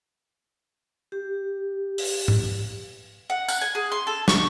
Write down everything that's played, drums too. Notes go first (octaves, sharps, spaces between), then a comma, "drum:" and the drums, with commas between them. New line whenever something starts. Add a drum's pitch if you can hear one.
G4
drum: open hi-hat
drum: tom G#2
F#5
F#6, drum: tambourine
G#5
G#4
C6
A4
C#6, drum: snare